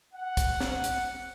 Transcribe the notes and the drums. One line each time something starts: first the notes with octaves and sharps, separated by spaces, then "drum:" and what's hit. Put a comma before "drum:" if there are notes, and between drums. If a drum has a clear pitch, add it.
F#5
drum: kick, hi-hat
drum: snare
drum: hi-hat